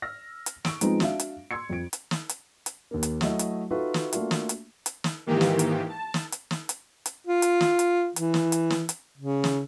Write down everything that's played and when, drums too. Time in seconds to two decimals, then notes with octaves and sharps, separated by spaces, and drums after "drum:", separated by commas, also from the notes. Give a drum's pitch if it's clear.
0.02 E6 F6 A#6
0.46 drum: hi-hat
0.65 C#6 E6 D7, drum: snare
0.81 F3 G#3 B3 C4 D#4 F4, drum: hi-hat
1.00 D4 F#4 E5 F5, drum: snare
1.20 drum: hi-hat
1.51 C6 E6 G#6 C#7
1.70 F2 D7
1.93 drum: hi-hat
2.11 drum: snare
2.29 drum: hi-hat
2.66 drum: hi-hat
2.91 D#2 A#3
3.03 drum: hi-hat
3.21 F#3 A3 E4 D#5, drum: snare
3.39 drum: hi-hat
3.71 D#4 F4 F#4 A4 B4 E5
3.94 drum: snare
4.13 A3 A#3 D4 F4 F#4 E5, drum: hi-hat
4.31 drum: snare
4.49 drum: hi-hat
4.86 drum: hi-hat
5.04 drum: snare
5.26 G#2 D#3 E3 A#3 G4
5.41 drum: snare
5.59 drum: hi-hat
5.89 A5
6.14 drum: snare
6.32 drum: hi-hat
6.51 drum: snare
6.69 drum: hi-hat
7.06 drum: hi-hat
7.27 F4
7.42 drum: hi-hat
7.61 drum: snare
7.79 drum: hi-hat
8.16 E3, drum: hi-hat
8.34 drum: snare
8.52 drum: hi-hat
8.70 drum: snare
8.89 drum: hi-hat
9.18 C#3
9.44 drum: snare